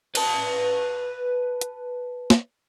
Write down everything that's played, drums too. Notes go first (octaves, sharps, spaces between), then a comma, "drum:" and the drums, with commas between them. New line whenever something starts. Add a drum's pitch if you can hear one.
B4 A5, drum: cymbal
drum: hi-hat
drum: snare